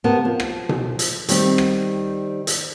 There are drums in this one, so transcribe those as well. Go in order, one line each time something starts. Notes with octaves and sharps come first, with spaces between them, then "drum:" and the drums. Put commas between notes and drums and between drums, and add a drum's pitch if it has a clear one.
C3 B3 A#4 A5
F3
drum: rim click
drum: tom B2
drum: hi-hat
D#3 G3 C4, drum: hi-hat
drum: rim click
drum: hi-hat